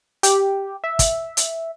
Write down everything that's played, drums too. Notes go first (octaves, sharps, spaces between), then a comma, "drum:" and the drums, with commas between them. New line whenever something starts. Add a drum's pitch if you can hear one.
G4, drum: hi-hat
E5
drum: kick, hi-hat
drum: hi-hat